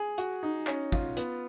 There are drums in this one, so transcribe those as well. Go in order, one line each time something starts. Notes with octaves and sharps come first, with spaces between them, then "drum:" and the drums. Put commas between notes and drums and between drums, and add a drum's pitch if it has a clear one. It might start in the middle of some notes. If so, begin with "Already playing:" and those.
Already playing: G#4
F#4, drum: hi-hat
D#4
C#4, drum: clap
F4, drum: kick G#1
B3, drum: hi-hat